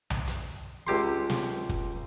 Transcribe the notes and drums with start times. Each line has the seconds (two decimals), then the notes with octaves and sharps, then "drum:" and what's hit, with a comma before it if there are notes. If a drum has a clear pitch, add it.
0.10 drum: tom B1
0.27 drum: hi-hat
0.87 C#2 G4 C6
1.30 drum: snare
1.69 drum: kick